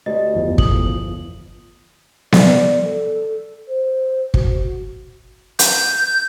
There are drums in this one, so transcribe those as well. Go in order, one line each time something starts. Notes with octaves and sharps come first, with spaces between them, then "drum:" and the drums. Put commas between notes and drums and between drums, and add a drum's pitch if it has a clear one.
D2 G4 D#5
G1 E2 F3
D#6 F#7, drum: kick
D5, drum: snare B3
A4
C5
F#4, drum: kick
G6, drum: hi-hat